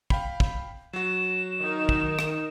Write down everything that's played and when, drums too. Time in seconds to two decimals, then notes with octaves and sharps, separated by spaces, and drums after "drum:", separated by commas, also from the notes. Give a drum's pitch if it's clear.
0.10 F5 G5 B5, drum: kick
0.40 drum: kick
0.93 F#3 F#4 E7
1.61 D#3 D#4 A#4
1.89 drum: kick
2.19 drum: rim click